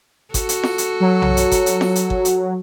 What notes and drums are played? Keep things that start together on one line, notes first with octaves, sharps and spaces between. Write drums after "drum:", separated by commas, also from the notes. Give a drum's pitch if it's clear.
F#4 A4, drum: kick G1, hi-hat
drum: hi-hat
drum: snare
drum: hi-hat
F#3
drum: tom B1
drum: hi-hat
drum: kick G1, hi-hat
drum: hi-hat
drum: snare
drum: hi-hat
drum: kick G1
drum: hi-hat